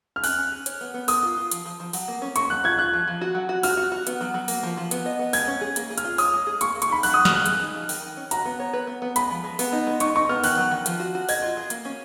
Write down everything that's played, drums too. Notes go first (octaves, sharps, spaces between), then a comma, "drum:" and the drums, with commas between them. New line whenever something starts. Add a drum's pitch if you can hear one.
F6
C#4 F#6, drum: open hi-hat
C#4
G#4
C#5, drum: hi-hat
B3
B3
A#4 D#6, drum: open hi-hat
F4
F4
F3, drum: hi-hat
F3
F3
F#3, drum: open hi-hat
A#3
C#4
A#3 C#6, drum: hi-hat
F#3 F#6
F4 G#6
F4 F#6
F3
F3
F#4
F#3
F#4
F#4 F6, drum: open hi-hat
F#4
F#4
B3, drum: hi-hat
F#3
F#3
A#3, drum: open hi-hat
F3
F3
B3, drum: hi-hat
D#5
B3
G#3 G#6, drum: open hi-hat
C#4
G#4
A#3, drum: hi-hat
G#4
F6, drum: hi-hat
F4
C#5 D#6, drum: open hi-hat
G#3
G#4
A#3 C#6, drum: hi-hat
A#3
C#6, drum: hi-hat
D#4 B5
F#3 F#6, drum: open hi-hat
F#3 D#6
F6, drum: snare
A#3 F#6
G#4, drum: hi-hat
D#4
F3
D#3, drum: open hi-hat
D#3
C#4
F#4 A#5, drum: hi-hat
B3
C#5
B4
B3
B3
G#3 B5, drum: hi-hat
F3
G#3
B3, drum: open hi-hat
D#4
G#3
D#4 C#6, drum: hi-hat
D#4 C#6
B3 F6
D#3 F#6, drum: open hi-hat
F#3
D#3
F3, drum: hi-hat
F#4
F#4
D#5 G#6, drum: open hi-hat
F4
G#4
A#3, drum: hi-hat
C#4